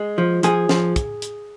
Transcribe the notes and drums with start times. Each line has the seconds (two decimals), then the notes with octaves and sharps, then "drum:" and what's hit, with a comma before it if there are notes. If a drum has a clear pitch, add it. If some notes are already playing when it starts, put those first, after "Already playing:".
Already playing: G#3
0.18 F3
0.43 F3 G#4, drum: hi-hat
0.69 F3, drum: snare
0.96 drum: kick, hi-hat
1.22 drum: hi-hat